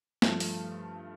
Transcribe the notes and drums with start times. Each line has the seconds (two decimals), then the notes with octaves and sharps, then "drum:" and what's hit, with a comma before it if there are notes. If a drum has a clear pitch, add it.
0.22 G2 F3 A3, drum: snare
0.40 drum: open hi-hat